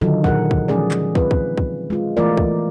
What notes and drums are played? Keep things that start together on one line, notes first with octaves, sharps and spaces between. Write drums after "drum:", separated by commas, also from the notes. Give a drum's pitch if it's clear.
D3 D#3 F#3 D#4 F4 A4
A#2 G#4 A#4 F#5, drum: kick
drum: kick
E3 F3 G#3 C#4 G#4 D5
drum: clap
C4 F4 B4, drum: kick
drum: kick
drum: kick
G#3 F4
E3 A3 B3 F4 A#4 D5
drum: kick